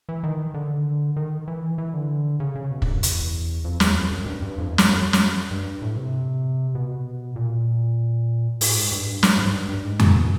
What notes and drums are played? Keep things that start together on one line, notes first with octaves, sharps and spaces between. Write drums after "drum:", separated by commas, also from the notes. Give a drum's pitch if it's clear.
E3
D#3
D3
D#3
E3
E3
D3
C#3
C#3
B2
G2, drum: kick
F#2
E2, drum: hi-hat
F2
E2, drum: snare
F2
F#2
G2
G2
F2
E2
F2, drum: snare
F#2
drum: snare
G2
A2
C3
B2
A#2
A2, drum: open hi-hat
G#2
G2
G2, drum: snare
G#2
G2
G2
G#2
A#2, drum: tom F2
B2